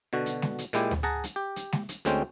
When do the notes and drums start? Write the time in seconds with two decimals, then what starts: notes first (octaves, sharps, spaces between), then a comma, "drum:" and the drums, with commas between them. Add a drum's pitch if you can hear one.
0.13 B2 D3 F#4
0.26 drum: hi-hat
0.42 drum: snare G#3
0.59 drum: hi-hat
0.73 A#2 G#3 E4 G4, drum: hi-hat
0.91 drum: tom D2
1.03 G#4 F#5 A5 A#5
1.24 drum: hi-hat
1.36 G4
1.56 drum: hi-hat
1.72 drum: snare G#3
1.89 drum: hi-hat
2.05 D2 D3 G#3 C4 C#4 G5, drum: hi-hat